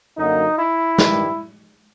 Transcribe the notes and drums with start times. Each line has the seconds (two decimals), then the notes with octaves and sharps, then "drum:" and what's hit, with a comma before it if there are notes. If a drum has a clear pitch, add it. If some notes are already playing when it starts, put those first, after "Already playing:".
0.17 F#2 D3 F#3 A#3 D#4
0.57 E4
0.98 G2 D#3 G3, drum: snare